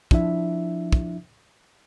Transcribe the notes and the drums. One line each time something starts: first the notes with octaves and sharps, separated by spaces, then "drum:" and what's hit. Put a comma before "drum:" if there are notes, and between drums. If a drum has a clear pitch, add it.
F3 D4 E4 E5, drum: kick
drum: kick